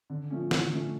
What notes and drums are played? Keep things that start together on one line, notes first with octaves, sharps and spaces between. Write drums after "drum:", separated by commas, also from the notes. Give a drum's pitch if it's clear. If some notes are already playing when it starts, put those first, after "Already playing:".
D3
F3 A3 C#4
D3, drum: snare
F3 A3 C#4